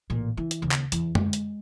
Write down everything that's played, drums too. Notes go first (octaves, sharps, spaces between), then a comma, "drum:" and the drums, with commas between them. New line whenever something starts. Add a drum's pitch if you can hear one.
A1 A#2
E3
drum: hi-hat
D#2 C#3
drum: clap
E2, drum: hi-hat
G#3, drum: tom F#2
drum: hi-hat